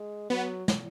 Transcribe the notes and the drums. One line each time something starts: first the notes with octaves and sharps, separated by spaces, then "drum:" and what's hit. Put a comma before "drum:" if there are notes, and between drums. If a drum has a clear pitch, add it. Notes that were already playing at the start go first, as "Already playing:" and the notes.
Already playing: G#3
F#3 B3
drum: snare